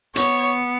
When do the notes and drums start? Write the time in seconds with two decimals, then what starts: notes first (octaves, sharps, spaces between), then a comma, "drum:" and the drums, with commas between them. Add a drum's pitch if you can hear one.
0.16 B3 C#5, drum: hi-hat